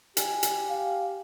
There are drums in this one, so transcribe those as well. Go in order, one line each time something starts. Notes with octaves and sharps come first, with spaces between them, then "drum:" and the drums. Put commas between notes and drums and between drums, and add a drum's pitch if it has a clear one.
G4 G#5, drum: hi-hat
drum: hi-hat
F5